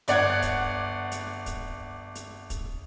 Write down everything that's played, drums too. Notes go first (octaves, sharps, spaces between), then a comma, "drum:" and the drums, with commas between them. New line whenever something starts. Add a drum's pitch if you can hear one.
G1 D5 F#5 G#6, drum: hi-hat
drum: kick, hi-hat
drum: hi-hat
drum: kick, hi-hat
drum: hi-hat
drum: kick, hi-hat